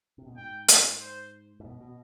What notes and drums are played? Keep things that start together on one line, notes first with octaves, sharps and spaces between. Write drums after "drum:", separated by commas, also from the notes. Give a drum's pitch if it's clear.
C3
B2
G#2 G5
drum: hi-hat
C5
G#2
B2
B2